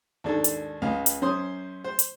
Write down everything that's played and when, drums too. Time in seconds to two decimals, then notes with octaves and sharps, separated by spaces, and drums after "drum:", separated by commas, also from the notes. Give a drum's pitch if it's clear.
0.24 D#2 G#2 D4 A4
0.44 drum: hi-hat
0.82 C#2 D#5 F5
1.06 drum: hi-hat
1.21 F#2 C#4 C5 C6 D#6
1.84 C5
1.99 drum: hi-hat